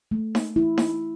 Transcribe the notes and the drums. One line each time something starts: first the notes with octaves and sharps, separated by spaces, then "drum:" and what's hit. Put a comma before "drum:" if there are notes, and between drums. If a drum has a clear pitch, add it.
A3
drum: snare D#4
E4
drum: snare D#4